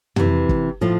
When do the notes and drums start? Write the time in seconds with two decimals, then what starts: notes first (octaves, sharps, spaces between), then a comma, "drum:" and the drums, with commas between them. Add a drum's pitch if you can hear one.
0.16 C3 E3, drum: tom
0.49 drum: kick
0.81 A2 F3 F4